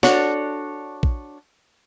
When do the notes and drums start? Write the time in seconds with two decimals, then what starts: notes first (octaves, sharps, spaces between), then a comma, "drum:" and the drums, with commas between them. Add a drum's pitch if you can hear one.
0.03 D4 F#4 A4 C#5, drum: snare
1.03 drum: kick A#1